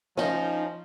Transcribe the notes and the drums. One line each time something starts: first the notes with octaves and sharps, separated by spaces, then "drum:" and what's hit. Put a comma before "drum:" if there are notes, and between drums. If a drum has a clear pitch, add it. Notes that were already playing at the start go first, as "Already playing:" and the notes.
F3 C#4 D#4, drum: snare